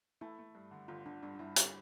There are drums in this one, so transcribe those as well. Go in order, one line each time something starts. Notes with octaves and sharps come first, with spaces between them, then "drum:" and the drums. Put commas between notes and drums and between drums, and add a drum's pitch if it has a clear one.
A3 E4
A3
G2
D3
G1 F4
D3 D4
G2 D4
D4
G2 E4
G2 G4, drum: hi-hat